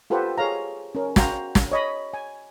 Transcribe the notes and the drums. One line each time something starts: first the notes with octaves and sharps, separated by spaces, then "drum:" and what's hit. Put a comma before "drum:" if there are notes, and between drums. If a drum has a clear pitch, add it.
F4 G4 A4 B4 C5 F#5
G#4 C#5 F5 A#5
C#4 A#4
F#4 F5 G5 A#5 C6, drum: snare
drum: snare
C#5 D#5 B5
G#5